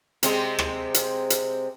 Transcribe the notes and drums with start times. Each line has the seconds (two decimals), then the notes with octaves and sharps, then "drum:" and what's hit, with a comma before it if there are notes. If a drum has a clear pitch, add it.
0.23 C3 G#3 C4, drum: hi-hat
0.59 drum: rim click
0.94 drum: hi-hat
1.30 drum: hi-hat